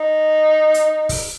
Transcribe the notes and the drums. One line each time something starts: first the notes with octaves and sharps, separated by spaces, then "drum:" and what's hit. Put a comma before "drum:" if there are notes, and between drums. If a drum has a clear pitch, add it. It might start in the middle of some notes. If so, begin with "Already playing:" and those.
Already playing: D#4
drum: hi-hat
drum: kick, open hi-hat